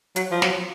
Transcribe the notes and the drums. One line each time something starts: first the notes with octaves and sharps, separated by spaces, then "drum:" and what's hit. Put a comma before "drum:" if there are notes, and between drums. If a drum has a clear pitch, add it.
F#3, drum: hi-hat
F3
F#3, drum: snare